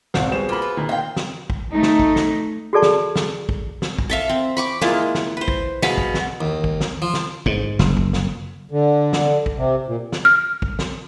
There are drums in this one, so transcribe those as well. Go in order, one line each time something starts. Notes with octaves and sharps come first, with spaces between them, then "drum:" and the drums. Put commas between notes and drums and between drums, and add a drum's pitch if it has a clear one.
G#1 B2 C5 F5 F#5, drum: snare
G3 B3 F#4 G#4 C5 E7
A#3 F4 A4 B5
B4
A#2 D#3
C4 E5 F5 G5
drum: snare
drum: kick
A3 D#4
drum: snare
drum: kick
drum: snare
F#4 G#4 A4 D5 A5 C#6
drum: snare
drum: snare
drum: kick
drum: snare
drum: kick
A4 E5 F5
C4
B5 C#6 D6
G#3 A#3 E4 F4, drum: snare
drum: snare
B4 C5
drum: kick
B2 G#4 F5 B5, drum: snare
drum: kick
drum: snare
D#2
drum: kick
drum: snare
F3
drum: snare
G#2, drum: kick
F#1, drum: snare
drum: kick
drum: snare
D3
drum: snare
drum: kick
C3
A#2
drum: snare
F6
drum: kick
drum: snare